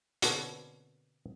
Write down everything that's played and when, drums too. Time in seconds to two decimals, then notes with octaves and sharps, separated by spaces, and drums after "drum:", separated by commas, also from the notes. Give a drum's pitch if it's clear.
0.22 B2 D3 A#3 C4 C#4 A4, drum: hi-hat